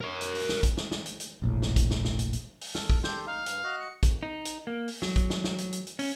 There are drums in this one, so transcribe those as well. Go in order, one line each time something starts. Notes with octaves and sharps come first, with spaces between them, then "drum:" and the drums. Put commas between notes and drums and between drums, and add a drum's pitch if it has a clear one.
A#4 C#5
drum: hi-hat
drum: open hi-hat
drum: snare
drum: kick, hi-hat
drum: snare
drum: snare
drum: hi-hat
drum: hi-hat
F1 A#1 A2
drum: snare
drum: kick, hi-hat
drum: snare
drum: snare
drum: hi-hat
drum: hi-hat
drum: open hi-hat
A4 F6, drum: snare
drum: kick
G4 A4 C6 G6, drum: snare
D#4 F5
G2, drum: hi-hat
F#4 D#5 F#6
C#7
drum: kick, hi-hat
D#4
drum: hi-hat
A#3
drum: open hi-hat
F#3, drum: snare
drum: kick, hi-hat
drum: snare
drum: snare
drum: hi-hat
drum: hi-hat
drum: hi-hat
C#4, drum: open hi-hat